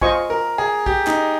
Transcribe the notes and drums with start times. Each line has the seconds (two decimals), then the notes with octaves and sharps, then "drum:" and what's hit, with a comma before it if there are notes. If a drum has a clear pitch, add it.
0.01 F4 C5 D#5 G#5 C#6, drum: kick
0.30 A#4
0.58 G#4
0.86 G4, drum: kick
1.07 D#4, drum: clap